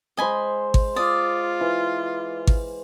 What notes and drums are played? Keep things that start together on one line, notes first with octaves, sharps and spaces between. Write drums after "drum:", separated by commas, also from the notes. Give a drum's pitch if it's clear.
G#3 C5 D#5 G#5 B5
drum: kick G#1
F4 D5 D#6
E3
drum: kick G#1